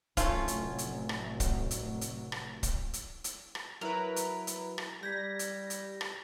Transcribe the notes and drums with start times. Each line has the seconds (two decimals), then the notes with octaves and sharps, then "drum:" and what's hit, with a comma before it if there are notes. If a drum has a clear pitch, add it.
0.17 F1 A2 F#3 A3 C#4 F4, drum: kick, hi-hat
0.48 drum: hi-hat
0.78 drum: hi-hat
1.09 drum: rim click
1.40 drum: kick, hi-hat
1.71 drum: hi-hat
2.01 drum: hi-hat
2.32 drum: rim click
2.63 drum: kick, hi-hat
2.93 drum: hi-hat
3.24 drum: hi-hat
3.55 drum: rim click
3.81 F#3 E4 A#4 B4 F7
4.16 drum: hi-hat
4.47 drum: hi-hat
4.78 drum: rim click
5.03 G3 G6 G#6 A#6 B6
5.39 drum: hi-hat
5.70 drum: hi-hat
6.01 drum: rim click